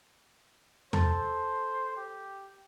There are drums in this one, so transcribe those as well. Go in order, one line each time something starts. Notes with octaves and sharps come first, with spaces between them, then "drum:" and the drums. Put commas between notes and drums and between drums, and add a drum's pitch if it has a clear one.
A4 C5, drum: tom E2
G4